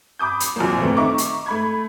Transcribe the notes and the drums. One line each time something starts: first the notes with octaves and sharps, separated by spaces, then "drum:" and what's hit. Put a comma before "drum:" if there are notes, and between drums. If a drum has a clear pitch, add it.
B5 D6 D#6 G6
drum: hi-hat
A#1 F2 F#3 A#3
D#2 A3 B3 C4
D#4 E5 A#5 C#6 D6
drum: hi-hat
A3 B5 G#6